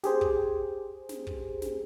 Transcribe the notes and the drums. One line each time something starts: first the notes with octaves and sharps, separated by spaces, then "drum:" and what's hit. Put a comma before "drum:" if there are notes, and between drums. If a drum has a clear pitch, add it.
G4 G#4 C5, drum: snare
drum: kick
drum: snare
drum: kick
drum: snare